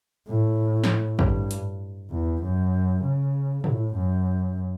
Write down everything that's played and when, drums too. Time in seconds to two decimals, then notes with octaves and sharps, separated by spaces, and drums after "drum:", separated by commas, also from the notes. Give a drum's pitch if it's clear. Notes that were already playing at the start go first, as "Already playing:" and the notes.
0.27 A2
0.84 drum: snare
1.19 G2, drum: kick G#1
1.51 drum: hi-hat
2.11 E2
2.42 F#2
3.03 C#3
3.64 A2, drum: tom
3.95 F#2